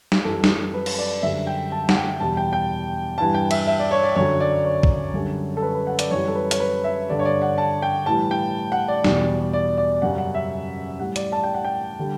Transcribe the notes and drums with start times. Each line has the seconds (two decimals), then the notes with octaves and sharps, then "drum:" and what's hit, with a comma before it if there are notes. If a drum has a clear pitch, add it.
0.12 drum: snare
0.25 F#2 E3 G3 A4
0.44 drum: snare
0.74 B4
0.86 drum: cymbal
0.98 D5
1.23 F#2 D3 G3 E5
1.47 G5
1.72 A5
1.89 F#5, drum: snare
1.96 G5
2.20 E2 B2 G3 A5
2.37 G5
2.53 G5
3.18 G2 E3 G3 A5
3.35 G5
3.51 E5, drum: cymbal
3.67 E5
3.79 D5
3.91 C#5
4.03 D5
4.16 F#2 D3 F#3 C#5
4.40 D5
4.65 C#5
4.83 drum: kick B1
5.13 F#2 D3 G3
5.57 A4
5.62 B4
5.75 B4
5.87 F#5
5.99 D5, drum: hi-hat
6.11 F#2 E3 G3 C#5
6.28 A4
6.35 B4
6.51 C#5, drum: hi-hat
6.60 B4
6.84 E5
7.09 G2 D3 G3 D5
7.19 C#5
7.25 D5
7.42 F#5
7.58 A5
7.82 G5
8.06 A2 E3 G3 A5
8.31 G5
8.72 F#5
8.88 D5
9.04 E2 B2 G3, drum: snare
9.53 D5
9.77 D5
10.02 F#2 C#3 G3 F#5
10.18 F#5
10.35 E5
10.99 A2 G3 F#5
11.16 D5, drum: hi-hat
11.32 A5
11.43 G5
11.54 F#5
11.65 G5
11.99 D3 G3